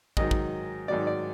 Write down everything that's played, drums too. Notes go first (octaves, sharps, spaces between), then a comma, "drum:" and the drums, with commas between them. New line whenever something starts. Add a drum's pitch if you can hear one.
G#2 D#3 F#3 D#5, drum: kick
drum: kick
G#2 D#3 F#3 D5
D5